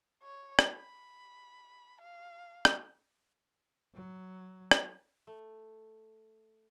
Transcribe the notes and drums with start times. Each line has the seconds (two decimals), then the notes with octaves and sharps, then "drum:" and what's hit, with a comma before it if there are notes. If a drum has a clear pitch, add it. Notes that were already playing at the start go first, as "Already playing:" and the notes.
0.23 C#5
0.59 drum: rim click
0.70 B5
2.01 F5
2.65 drum: rim click
3.94 F#3
4.71 drum: rim click
5.27 A3